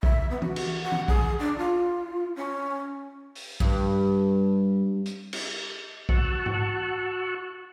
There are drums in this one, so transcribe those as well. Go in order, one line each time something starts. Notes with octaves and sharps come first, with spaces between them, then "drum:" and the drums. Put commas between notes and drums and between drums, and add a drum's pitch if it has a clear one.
E5, drum: kick A#1
B3
F#4, drum: tom E3
drum: cymbal
F#5
drum: tom E3
G#4, drum: kick A#1
D4
F4
C#4
drum: open hi-hat
G2, drum: kick A#1
drum: hi-hat
drum: cymbal
F#4 F#5 A5 C#6 E6 F#6, drum: kick A#1
drum: tom G#2